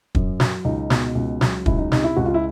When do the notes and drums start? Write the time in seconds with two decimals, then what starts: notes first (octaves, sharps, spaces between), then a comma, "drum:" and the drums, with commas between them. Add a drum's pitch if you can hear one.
0.15 F#2, drum: kick
0.40 F#3, drum: snare
0.65 C#2 D#4
0.90 B2, drum: snare
1.15 C#2
1.41 F#3, drum: snare
1.66 C#2 E4, drum: kick
1.78 D#4
1.92 C3 D#4, drum: snare
2.04 E4
2.17 C#2 F#4
2.25 F4
2.34 E4